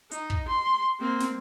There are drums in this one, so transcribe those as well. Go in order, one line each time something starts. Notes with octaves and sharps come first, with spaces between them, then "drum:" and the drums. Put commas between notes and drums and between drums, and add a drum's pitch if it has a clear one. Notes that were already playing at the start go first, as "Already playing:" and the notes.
D#4, drum: hi-hat
drum: kick
C6
A#3 C4
drum: snare